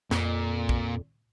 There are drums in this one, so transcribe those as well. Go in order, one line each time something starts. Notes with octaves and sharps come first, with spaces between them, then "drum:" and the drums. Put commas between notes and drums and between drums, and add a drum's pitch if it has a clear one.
F2 A#2, drum: snare
drum: kick